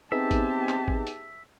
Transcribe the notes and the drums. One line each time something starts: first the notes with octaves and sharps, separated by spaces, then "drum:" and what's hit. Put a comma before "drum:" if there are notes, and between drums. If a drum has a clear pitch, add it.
B3 C4 D#4 G4 G#4 E5 A5
drum: kick G#1, hi-hat
drum: clap
drum: kick G#1
drum: hi-hat